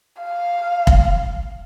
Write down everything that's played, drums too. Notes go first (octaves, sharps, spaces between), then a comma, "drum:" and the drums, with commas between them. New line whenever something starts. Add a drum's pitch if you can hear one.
F5
drum: kick